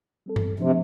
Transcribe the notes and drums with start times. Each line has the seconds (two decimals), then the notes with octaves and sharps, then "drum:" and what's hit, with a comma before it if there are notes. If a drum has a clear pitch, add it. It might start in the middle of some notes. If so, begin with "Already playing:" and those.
0.26 G3 C4 A4
0.36 drum: tom G2
0.60 C3 F3 A3 D4 G4 C5